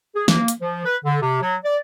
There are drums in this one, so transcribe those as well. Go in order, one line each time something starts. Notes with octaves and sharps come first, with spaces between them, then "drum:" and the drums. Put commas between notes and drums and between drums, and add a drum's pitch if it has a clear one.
G#4
A#3, drum: snare
drum: hi-hat
F3
B4
D3
C3
F#3
D5